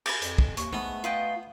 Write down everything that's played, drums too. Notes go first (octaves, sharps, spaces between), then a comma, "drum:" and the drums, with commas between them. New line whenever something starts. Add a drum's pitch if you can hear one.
B5 D6, drum: cymbal
F2, drum: hi-hat
drum: kick
D#2 C#6, drum: hi-hat
G#2 A3 B3
F4 B4 D#5 G5